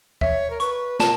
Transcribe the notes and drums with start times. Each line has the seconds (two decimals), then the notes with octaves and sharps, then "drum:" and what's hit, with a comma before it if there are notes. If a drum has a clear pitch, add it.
0.21 C#5 E5, drum: kick D2
0.50 A#4
0.60 B4 C#6, drum: hi-hat
0.99 A#4 A5, drum: snare